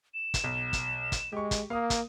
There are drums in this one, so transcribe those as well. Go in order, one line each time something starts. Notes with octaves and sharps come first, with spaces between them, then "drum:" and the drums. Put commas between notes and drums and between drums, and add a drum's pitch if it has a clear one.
E7
drum: kick, hi-hat
B1
drum: kick, hi-hat
drum: kick, hi-hat
G#3 G4 C#6
drum: kick, hi-hat
A#3 F5 D#6
drum: kick, hi-hat